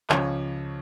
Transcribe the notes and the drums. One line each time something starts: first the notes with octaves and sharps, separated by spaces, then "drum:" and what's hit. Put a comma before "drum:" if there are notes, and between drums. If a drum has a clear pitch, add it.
C#2 C#3 F3 C#5, drum: clap